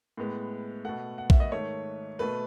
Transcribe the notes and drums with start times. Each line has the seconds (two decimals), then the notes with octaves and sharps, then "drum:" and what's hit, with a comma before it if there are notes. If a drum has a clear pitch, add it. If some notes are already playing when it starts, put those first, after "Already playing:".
0.17 A2 G#3 B3
0.85 B2 A3 F#5
1.18 F#5
1.30 E5, drum: kick A#1
1.40 D#5
1.52 G#2 D#3 A3 C#5
2.19 B2 A3 B4